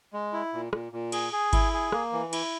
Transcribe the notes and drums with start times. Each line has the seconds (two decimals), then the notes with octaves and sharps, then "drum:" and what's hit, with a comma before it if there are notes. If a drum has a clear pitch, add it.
0.13 G#3
0.33 E4
0.53 A#2
0.73 A#2, drum: rim click
0.92 A#2
1.12 G#4, drum: cymbal
1.33 G#4
1.53 E4, drum: kick G#1, cymbal
1.73 G#4
1.92 A#3, drum: rim click
2.12 E3
2.33 E4, drum: cymbal